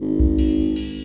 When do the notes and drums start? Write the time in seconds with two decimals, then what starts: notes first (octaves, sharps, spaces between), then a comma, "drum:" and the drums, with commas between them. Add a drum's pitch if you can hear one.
0.01 G#1
0.20 drum: kick B1
0.38 drum: cymbal
0.76 drum: cymbal